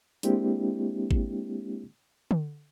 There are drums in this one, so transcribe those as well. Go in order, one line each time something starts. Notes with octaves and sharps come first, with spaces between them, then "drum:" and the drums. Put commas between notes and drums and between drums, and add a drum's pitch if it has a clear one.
G#3 A#3 C4 D4 E4 G4, drum: hi-hat
drum: kick G#1
drum: tom D3